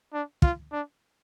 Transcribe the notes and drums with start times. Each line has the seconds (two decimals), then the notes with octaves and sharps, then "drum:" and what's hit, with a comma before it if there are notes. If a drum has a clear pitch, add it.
0.13 D4
0.42 F4, drum: kick
0.72 D4